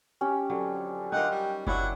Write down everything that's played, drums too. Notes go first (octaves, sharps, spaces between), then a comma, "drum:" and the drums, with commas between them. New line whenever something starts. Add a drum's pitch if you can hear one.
C#4 G4
F2 D3 F#3
D3 D#4 F4 A#4 F#5 G5
G3
D#2 F#3 C#4 D4 E4 F#4 D5, drum: kick F#1